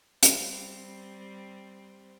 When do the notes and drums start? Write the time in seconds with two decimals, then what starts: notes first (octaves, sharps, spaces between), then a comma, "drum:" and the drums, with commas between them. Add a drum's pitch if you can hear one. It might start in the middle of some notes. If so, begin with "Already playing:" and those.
0.23 G3 C4, drum: hi-hat